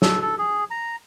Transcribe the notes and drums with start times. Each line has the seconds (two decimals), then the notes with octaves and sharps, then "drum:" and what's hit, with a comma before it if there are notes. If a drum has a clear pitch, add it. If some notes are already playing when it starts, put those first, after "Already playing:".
0.02 A4, drum: snare
0.22 A4
0.38 G#4
0.71 A#5